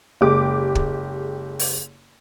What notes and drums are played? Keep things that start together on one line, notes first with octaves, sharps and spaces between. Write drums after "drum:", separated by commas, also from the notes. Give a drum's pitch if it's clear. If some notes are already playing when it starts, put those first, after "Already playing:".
F#1 G#3 G4 D6
drum: kick
drum: open hi-hat